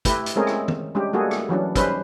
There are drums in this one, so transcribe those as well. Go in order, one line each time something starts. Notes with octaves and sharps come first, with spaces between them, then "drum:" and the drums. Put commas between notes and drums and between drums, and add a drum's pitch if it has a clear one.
A3 E4 G4 B4, drum: kick, hi-hat
drum: hi-hat
G#3 A3 C4 C#4 G#4 A#4
drum: rim click
drum: tom
G3 G#3 C#4 D4 G4
G3 A3 A#3 F#4 G#4 A4
drum: rim click
E3 F#3 C#4 D4
G3 C#4 D#4 B4 C5, drum: kick, hi-hat